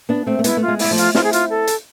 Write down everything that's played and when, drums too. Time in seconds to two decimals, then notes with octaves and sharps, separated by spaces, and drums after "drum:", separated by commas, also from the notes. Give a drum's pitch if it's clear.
0.09 B3 D4
0.26 A3 C4
0.39 A3
0.44 G#3 B3 E4, drum: hi-hat
0.57 A3 F4
0.68 G#3
0.79 E4, drum: open hi-hat
0.84 G#3
0.91 F3 A3
0.98 F4, drum: hi-hat
1.15 C4 E4 F4, drum: snare
1.24 G#4
1.33 F4, drum: hi-hat
1.50 A4
1.67 drum: hi-hat